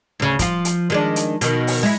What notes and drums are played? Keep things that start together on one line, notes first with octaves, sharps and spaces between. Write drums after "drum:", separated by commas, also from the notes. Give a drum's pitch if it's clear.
D2 C#3
F3 F4, drum: kick, hi-hat
drum: hi-hat
D#3 G#3 D4
drum: hi-hat
B2 D#3, drum: hi-hat
drum: open hi-hat
G#3 E4